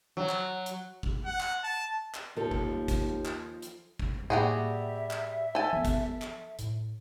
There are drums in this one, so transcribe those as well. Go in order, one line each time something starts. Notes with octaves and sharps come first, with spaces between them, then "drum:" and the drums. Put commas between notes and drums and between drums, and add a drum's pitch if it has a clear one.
F#3
drum: clap
drum: hi-hat
drum: kick
F#5
drum: clap
A5
drum: clap
D#2 F3 A4
drum: kick
drum: kick, hi-hat
drum: clap
drum: hi-hat
drum: kick
A2 G3 A#3 F#4 G#4 E5
drum: clap
A4 G#5
F3 B3
drum: kick, hi-hat
drum: clap
A2, drum: hi-hat